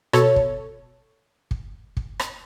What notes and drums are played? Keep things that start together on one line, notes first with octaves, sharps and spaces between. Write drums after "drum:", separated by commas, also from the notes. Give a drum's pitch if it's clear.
B2 A4 C#5, drum: rim click
drum: kick
drum: kick
drum: kick
drum: rim click